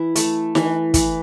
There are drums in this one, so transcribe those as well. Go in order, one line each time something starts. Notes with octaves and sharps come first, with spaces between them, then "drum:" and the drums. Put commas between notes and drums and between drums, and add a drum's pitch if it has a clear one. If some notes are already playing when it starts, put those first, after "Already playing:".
Already playing: E3 E4
A3, drum: hi-hat
E3, drum: snare D#4
E3, drum: kick, hi-hat